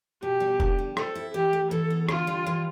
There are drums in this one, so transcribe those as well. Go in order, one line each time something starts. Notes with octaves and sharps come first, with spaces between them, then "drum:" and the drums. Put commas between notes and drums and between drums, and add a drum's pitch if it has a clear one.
B2 G4
G3
D3, drum: kick E1
G3
C4 A4, drum: rim click
E4
E3 G4
A3
E3 A4
B3
D3 F4, drum: rim click
G3
E3